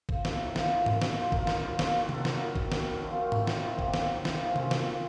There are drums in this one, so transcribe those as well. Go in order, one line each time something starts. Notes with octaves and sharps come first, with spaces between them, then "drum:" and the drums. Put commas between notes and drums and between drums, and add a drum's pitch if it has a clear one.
F3, drum: kick G#1
A2, drum: snare
A2 A4 A#4
F3, drum: snare
F3
F#2, drum: tom G#2
F#2, drum: snare
F3 C5
F3 A#4, drum: kick G#1
F#2, drum: snare
F#2
F3, drum: snare
D#3
F#4
F#3 A4, drum: tom C3
F#2 A#4, drum: snare
F#2
D#3, drum: kick G#1
F#3, drum: snare
F#2 A#4
F#2 A4
F4
D#3 A3
F#3, drum: tom G#2
C3, drum: snare
C3 C4
D#3 A#3, drum: kick G#1
F#3, drum: snare
C3
C3, drum: snare
F3 C4
C#4
A#2 C4, drum: tom C3
A#2, drum: snare
F3